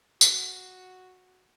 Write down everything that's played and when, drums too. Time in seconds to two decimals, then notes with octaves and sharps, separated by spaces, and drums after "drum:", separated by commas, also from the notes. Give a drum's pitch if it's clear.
0.21 F#4, drum: tambourine